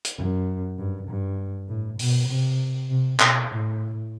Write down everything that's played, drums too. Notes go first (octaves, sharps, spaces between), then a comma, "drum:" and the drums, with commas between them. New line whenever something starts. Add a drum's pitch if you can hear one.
drum: hi-hat
F#2
G2
G2
A2
B2, drum: open hi-hat
C3
C3
B2, drum: clap
A2